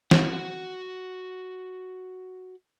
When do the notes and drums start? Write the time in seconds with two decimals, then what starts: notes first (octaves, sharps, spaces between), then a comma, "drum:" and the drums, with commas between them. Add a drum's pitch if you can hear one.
0.11 F#4 F#5, drum: snare